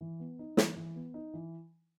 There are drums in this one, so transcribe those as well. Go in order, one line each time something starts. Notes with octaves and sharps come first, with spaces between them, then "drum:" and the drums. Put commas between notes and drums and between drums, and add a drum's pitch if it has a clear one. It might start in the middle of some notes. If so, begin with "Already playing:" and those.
E3
B3
D#4
E3, drum: snare
E3
B3
D#4
E3